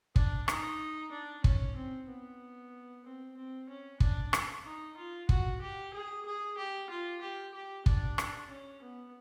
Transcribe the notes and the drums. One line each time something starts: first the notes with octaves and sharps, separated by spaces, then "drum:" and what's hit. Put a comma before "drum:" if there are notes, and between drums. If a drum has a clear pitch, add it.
D4, drum: kick
D#4, drum: rim click
D4
C#4, drum: kick
C4
B3
C4
C4
C#4
D4, drum: kick
drum: rim click
D#4
F4
F#4, drum: kick
G4
G#4
G#4
G4
F4
G4
G4
D4, drum: kick
drum: rim click
C#4
B3